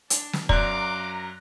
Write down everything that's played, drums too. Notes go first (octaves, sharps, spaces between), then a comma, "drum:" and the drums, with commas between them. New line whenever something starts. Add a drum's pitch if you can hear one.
D4, drum: hi-hat
drum: snare
F#2 D5 F5 A#5 D6 F#6, drum: kick